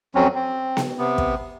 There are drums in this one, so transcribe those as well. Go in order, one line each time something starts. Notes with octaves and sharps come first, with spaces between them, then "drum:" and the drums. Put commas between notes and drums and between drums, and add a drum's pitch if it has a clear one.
F2 F#3 C4 C#4
C4
drum: snare B3
C3 B3
drum: kick